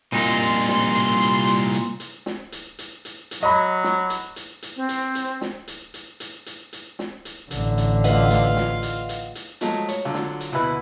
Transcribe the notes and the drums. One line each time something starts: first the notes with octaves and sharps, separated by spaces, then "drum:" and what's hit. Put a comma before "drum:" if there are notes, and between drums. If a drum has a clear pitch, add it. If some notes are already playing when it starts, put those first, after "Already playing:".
C2 A#2 D#4 F4 C6
drum: hi-hat
drum: snare
drum: hi-hat
drum: hi-hat
drum: hi-hat
drum: hi-hat
drum: hi-hat
drum: snare
drum: hi-hat
drum: hi-hat
drum: hi-hat
drum: hi-hat
F#3 D#5 B5
drum: snare
drum: hi-hat
drum: hi-hat
drum: hi-hat
C4
drum: hi-hat
drum: hi-hat
drum: snare
drum: hi-hat
drum: hi-hat
drum: hi-hat
drum: hi-hat
drum: hi-hat
drum: snare
drum: hi-hat
A1 D3, drum: hi-hat
drum: hi-hat
F4 B4 D#5 F5 F#5, drum: hi-hat
drum: hi-hat
drum: snare
drum: hi-hat
drum: hi-hat
drum: hi-hat
F3 F#3 G#3 A3 D#4, drum: hi-hat
C#5, drum: hi-hat
D3 F#3 F4
drum: snare
drum: hi-hat
D2 B2 E4 B4 F#6